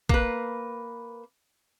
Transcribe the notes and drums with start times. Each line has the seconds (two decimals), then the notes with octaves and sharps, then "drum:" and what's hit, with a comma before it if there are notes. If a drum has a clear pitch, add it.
0.09 A#3 B4, drum: kick A1